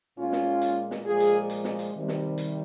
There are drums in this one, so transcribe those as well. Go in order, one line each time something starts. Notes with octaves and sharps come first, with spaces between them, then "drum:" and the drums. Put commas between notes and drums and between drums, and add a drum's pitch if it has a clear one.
A#2 G#3 C#4 F4
drum: snare
drum: hi-hat
drum: snare
A#2 F3 G#3 F4 G#4
drum: hi-hat
drum: hi-hat
drum: snare
drum: hi-hat
C3 D#3 G3
drum: snare
drum: hi-hat